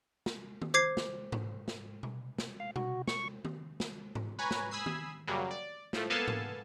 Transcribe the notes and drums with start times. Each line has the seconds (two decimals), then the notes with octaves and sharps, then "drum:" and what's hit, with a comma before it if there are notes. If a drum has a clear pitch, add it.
0.26 drum: snare
0.62 drum: tom D#3
0.74 C5 D6 G#6 C7
0.97 drum: snare
1.32 drum: tom G#2
1.68 drum: snare
2.03 drum: tom B2
2.38 drum: snare
2.60 F5
2.76 F#4, drum: tom B2
3.08 C#6, drum: snare
3.45 drum: tom D#3
3.80 drum: snare
4.15 drum: tom G#2
4.39 B4 C#5 G#5 A#5
4.51 drum: snare
4.71 G#5 B5 D#6 E6 G#6 C7
4.86 drum: tom D#3
5.28 F#2 C#3 F#3 G3 A#3
5.51 D5
5.93 A2 F3 A3, drum: snare
6.10 A#3 B3 A4 F5 G#5 A5
6.28 drum: tom G#2